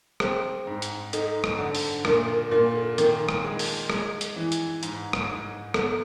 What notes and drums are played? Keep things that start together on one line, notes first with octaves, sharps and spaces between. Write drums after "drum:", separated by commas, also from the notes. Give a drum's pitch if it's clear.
C4 G#4, drum: rim click
G#2
drum: hi-hat
D#4 A4, drum: hi-hat
drum: rim click
D3
drum: open hi-hat
A#2 A#4, drum: rim click
A#4
A#2 A#4
A4
D#3 A#4, drum: hi-hat
drum: rim click
G#3
drum: open hi-hat
G#3, drum: rim click
drum: hi-hat
E3
drum: hi-hat
G#2, drum: hi-hat
drum: rim click
G#2
B3 A4, drum: rim click